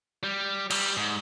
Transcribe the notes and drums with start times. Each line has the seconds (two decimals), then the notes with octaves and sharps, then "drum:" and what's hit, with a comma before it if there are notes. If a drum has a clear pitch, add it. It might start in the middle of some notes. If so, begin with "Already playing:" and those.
0.23 G3
0.70 G3, drum: cymbal
0.97 G#2